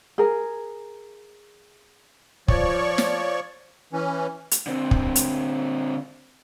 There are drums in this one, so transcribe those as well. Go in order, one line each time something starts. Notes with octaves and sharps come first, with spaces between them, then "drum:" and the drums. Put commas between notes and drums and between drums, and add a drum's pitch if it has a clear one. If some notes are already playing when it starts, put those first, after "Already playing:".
G#4 A#4
F3 C#5 D5 C#6, drum: kick
drum: snare
E3 C#4
drum: hi-hat
D3 C4
drum: kick
drum: hi-hat